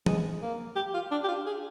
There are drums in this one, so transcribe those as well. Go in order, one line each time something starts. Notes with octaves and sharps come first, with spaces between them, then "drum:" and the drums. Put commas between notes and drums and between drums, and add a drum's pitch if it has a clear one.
G#3, drum: tom E3
A#3
G4
F4
D4
G4
F4
G#4